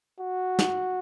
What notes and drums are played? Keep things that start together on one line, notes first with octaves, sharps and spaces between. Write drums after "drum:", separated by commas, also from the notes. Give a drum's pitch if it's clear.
F#4
drum: snare